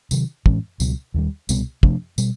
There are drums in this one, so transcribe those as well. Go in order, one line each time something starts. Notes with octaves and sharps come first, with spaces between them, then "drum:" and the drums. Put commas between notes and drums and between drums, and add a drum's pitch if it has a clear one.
C3 D#3 F#3, drum: tambourine
A2 E3 G#3 C#4, drum: kick
C#2 B2 F#3, drum: tambourine
D#2 D#3 G3
C2 B2 G3 B3, drum: tambourine
C3 F3 A3 D4, drum: kick
B2 G3, drum: tambourine